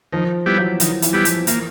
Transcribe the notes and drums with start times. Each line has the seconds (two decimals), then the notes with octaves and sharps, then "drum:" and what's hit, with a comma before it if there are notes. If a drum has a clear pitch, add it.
0.12 D#3 F3
0.46 G3 B3 E4 G4
0.57 E3 F#3
0.80 D#3 E3, drum: hi-hat
1.02 E3, drum: hi-hat
1.13 G3 B3 E4 G4
1.25 F3, drum: hi-hat
1.47 E3 A#3, drum: hi-hat